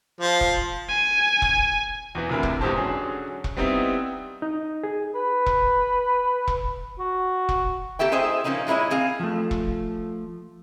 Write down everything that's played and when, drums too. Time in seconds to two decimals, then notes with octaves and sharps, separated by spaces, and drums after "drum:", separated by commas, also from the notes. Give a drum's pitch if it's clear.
0.21 F3
0.41 drum: kick E1
0.89 G#5
1.42 drum: kick E1
2.15 E2 E3
2.29 D2 C3 E4 A#4 B5
2.43 drum: kick E1
2.61 E2 G#2 D#4 G4 C5 A5
2.77 D3 F#3 C#4 G#4
3.44 drum: kick E1
3.56 G3 B3 C4 D#4 E4
4.42 D#4
4.84 G#4
5.15 B4
5.46 drum: kick E1
6.48 drum: kick E1
6.99 F#4
7.49 drum: kick E1
7.99 A#3 G4 A4 E5 G5
8.12 E4 G#4 C5 D#5 E5
8.44 A#2 F3 A#3 C#4 D#4
8.67 A#2 G#3 E4 C#5 D#5
8.91 C4 G#4 F5
9.20 F3 A3
9.51 drum: kick E1